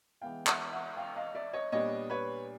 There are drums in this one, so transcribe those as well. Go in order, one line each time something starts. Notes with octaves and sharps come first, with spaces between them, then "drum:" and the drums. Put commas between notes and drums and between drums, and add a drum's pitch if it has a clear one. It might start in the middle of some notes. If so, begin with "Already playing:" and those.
E3 G#3 B3 F5 G5
E5 F#5, drum: clap
E5 F#5
F5 G5
D#5 F5
D5 E5
C#5 D#5
A#2 G3 B3 D4 C#5 D#5
B4 C#5